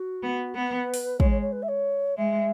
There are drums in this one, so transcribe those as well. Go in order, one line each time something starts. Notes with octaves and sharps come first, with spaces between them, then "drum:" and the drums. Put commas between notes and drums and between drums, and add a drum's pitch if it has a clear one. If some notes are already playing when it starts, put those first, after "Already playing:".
Already playing: F#4
B3
B3 B4
drum: open hi-hat
G#3 C#5, drum: kick
C#5
C#5
B4
E5
C#5
G#3 E5